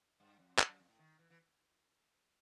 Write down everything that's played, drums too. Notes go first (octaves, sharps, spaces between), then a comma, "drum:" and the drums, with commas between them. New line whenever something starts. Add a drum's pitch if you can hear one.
G2
F2
F#2, drum: clap
F#2
F2
A2
D#3
E3
E3